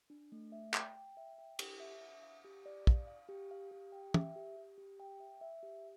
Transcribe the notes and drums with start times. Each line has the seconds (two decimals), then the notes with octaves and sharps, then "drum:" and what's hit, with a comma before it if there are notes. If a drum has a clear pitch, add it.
0.10 D4
0.32 A3
0.52 E5
0.74 G5, drum: clap
0.95 G5
1.17 E5
1.38 G5
1.59 G4, drum: cymbal
1.80 E5
2.01 E5
2.23 F5
2.44 G4
2.66 D5
2.87 F5, drum: kick
3.07 F5
3.29 G4
3.51 F5
3.71 G4
3.92 G5
4.14 E5, drum: tom
4.36 G4
4.56 G4
4.78 G4
5.00 G5
5.20 E5
5.41 E5
5.63 G4